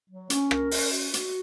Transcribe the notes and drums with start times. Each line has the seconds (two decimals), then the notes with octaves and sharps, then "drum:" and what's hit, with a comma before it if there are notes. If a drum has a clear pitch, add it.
0.09 F#3
0.30 C#4, drum: hi-hat
0.51 A#4, drum: rim click
0.71 C#4, drum: open hi-hat
0.92 F#4
1.14 F#4, drum: hi-hat